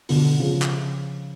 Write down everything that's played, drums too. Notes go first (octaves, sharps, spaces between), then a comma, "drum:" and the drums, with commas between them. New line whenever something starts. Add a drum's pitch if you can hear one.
B2 D3, drum: open hi-hat
C#3 F3
drum: clap